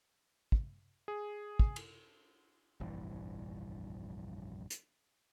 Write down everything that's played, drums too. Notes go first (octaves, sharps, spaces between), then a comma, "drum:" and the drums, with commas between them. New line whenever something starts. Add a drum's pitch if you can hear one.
drum: kick
G#4
drum: kick
drum: cymbal
F1 A#1 G2 E3
drum: hi-hat